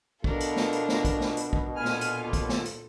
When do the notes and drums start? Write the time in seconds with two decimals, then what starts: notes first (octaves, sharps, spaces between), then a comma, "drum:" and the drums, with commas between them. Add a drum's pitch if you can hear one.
0.24 B2 B3 D4 F4 A4 A#4, drum: kick
0.40 drum: hi-hat
0.56 drum: snare
0.73 drum: hi-hat
0.89 drum: snare
1.05 drum: kick, hi-hat
1.21 drum: snare
1.37 drum: hi-hat
1.53 drum: kick
1.75 A#2 B3 F4 A4 G#5 F6
1.85 drum: snare
2.01 drum: hi-hat
2.22 D#2 A#3
2.33 drum: kick, hi-hat
2.49 drum: snare
2.65 drum: hi-hat